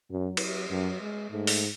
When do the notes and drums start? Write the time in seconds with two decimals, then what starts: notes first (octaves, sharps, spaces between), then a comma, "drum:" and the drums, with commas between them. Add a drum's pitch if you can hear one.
0.11 F#2 F#3
0.37 drum: cymbal
0.70 F#2 F#3
1.01 G#3
1.31 G#2 A3
1.47 drum: open hi-hat